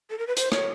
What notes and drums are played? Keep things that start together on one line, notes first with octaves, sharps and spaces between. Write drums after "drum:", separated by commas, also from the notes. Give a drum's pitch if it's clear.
A4
A#4
B4
C5, drum: hi-hat
C#5, drum: rim click